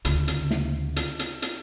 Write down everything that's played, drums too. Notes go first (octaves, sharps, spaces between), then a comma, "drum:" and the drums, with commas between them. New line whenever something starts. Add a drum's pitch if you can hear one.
D2 C#3, drum: hi-hat
drum: hi-hat
drum: snare
drum: hi-hat
drum: hi-hat
drum: hi-hat